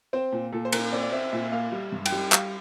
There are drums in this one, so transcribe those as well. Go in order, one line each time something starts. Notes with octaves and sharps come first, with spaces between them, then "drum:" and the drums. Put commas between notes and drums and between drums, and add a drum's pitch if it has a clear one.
C4 C5
A#2
A#2 A4
C5
A#2 A#4, drum: cymbal
C4 D5
D5
C4 E5
A#2 E5
A#3 F5
G3
G2
G5, drum: cymbal
G3
G3 F5, drum: clap